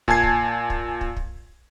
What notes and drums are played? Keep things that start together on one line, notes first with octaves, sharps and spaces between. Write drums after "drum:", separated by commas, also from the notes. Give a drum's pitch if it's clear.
A#2 G#5 A5 G#6 C7, drum: kick
drum: kick
drum: kick
drum: kick
drum: kick